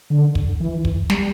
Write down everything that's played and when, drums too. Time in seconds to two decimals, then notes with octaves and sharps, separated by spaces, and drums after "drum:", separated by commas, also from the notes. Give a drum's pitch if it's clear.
0.10 D3
0.35 drum: kick
0.60 E3
0.85 drum: kick
1.10 G3, drum: snare